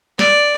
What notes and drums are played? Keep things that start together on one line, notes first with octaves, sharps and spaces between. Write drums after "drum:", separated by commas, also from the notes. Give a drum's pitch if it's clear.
D5, drum: snare